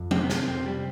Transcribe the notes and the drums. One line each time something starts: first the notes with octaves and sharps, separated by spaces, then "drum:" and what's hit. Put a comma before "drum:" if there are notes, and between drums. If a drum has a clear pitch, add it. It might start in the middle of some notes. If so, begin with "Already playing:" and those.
Already playing: F2
C3 C4, drum: tom
B3
C4, drum: snare
F2
C4
C3
G3